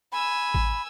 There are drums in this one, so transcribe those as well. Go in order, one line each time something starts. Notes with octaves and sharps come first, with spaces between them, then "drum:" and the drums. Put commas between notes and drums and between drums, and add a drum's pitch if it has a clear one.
G#5 B5 E6
drum: kick A1